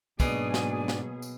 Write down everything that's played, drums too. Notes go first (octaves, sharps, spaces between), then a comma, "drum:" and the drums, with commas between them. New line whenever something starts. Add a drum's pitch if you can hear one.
G#2 B2 F#3 A#3 D4 G#4 D5 G#5, drum: kick, tambourine
drum: snare
drum: snare
drum: tambourine